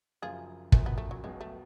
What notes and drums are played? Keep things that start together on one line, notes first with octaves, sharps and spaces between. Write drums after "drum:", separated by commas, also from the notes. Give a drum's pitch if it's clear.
F#1 F#2 F3 F4 G#4
F#1 F#2 F3 A3, drum: kick
B3
A3
F#3
C#2 B2 F#3 G#3
A3